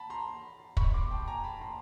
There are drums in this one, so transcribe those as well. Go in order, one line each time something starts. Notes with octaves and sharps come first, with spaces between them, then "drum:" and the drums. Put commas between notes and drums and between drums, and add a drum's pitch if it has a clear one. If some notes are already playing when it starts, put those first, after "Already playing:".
Already playing: A5 B5
A#5 C6
B5 C#6, drum: kick
C6 D6
G5 A5
G#5 A#5
A5 B5
A#5 C6